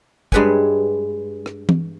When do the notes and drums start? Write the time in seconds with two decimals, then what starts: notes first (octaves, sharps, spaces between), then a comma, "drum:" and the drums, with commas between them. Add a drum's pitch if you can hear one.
0.32 G2 G#3 B4 C#5 G#5, drum: kick
1.46 drum: rim click
1.69 drum: tom E3